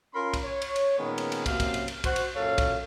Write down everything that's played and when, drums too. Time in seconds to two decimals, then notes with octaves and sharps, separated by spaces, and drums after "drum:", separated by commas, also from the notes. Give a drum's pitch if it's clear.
0.14 C#4 F4 A#4 B5 C6
0.34 drum: kick, cymbal
0.43 C#5
0.62 drum: cymbal
0.76 drum: cymbal
0.98 A#2 D#3 G#3 B3 C#4
1.18 drum: cymbal
1.32 drum: cymbal
1.46 F#2 C3 F#3 A#3 C4 F5, drum: kick, cymbal
1.60 drum: kick, cymbal
1.74 drum: cymbal
1.88 drum: cymbal
2.04 F#4 C5, drum: kick, cymbal
2.16 drum: cymbal
2.35 F#2 A#2 A4 C#5 F5
2.58 drum: kick, cymbal